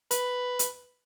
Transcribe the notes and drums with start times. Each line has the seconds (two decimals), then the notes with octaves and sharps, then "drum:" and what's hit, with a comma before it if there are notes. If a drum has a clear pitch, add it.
0.11 B4, drum: hi-hat
0.59 drum: hi-hat